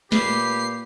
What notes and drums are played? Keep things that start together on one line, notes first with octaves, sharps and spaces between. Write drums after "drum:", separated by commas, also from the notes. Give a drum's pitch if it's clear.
A#2 G4 B4 C7, drum: snare